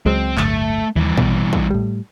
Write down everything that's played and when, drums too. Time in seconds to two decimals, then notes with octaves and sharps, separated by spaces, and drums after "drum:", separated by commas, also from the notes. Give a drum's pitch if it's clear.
0.06 C#2 F#3 G#3 C4
0.37 D1 G1 A3, drum: clap
0.96 D#2 E3 G3
1.17 B2, drum: kick
1.53 drum: kick
1.70 A2 G3